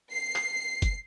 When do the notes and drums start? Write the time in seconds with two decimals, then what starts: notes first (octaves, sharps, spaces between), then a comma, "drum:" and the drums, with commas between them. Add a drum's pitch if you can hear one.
0.12 C7
0.36 drum: clap
0.82 drum: kick F#1, hi-hat